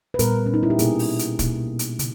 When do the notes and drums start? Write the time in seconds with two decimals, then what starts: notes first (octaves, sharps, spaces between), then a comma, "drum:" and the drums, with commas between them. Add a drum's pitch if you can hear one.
0.14 B4
0.19 A#2 G3 B3 A#4, drum: hi-hat
0.46 C#4
0.54 D#4
0.63 E4
0.70 G4
0.79 B2 A#3 G#4, drum: hi-hat
0.99 drum: open hi-hat
1.19 drum: hi-hat
1.39 B2 A#3, drum: kick, hi-hat
1.79 drum: hi-hat
1.99 C#3, drum: hi-hat